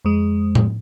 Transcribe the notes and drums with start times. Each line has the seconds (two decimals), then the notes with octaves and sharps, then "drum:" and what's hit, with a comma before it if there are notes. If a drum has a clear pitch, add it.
0.05 F2 G#3
0.55 drum: tom A2